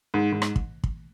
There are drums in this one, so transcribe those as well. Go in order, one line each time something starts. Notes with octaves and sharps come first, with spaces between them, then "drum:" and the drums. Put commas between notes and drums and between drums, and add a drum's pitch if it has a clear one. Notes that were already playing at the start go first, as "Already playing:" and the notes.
G#2
G#2
drum: rim click
drum: kick
drum: kick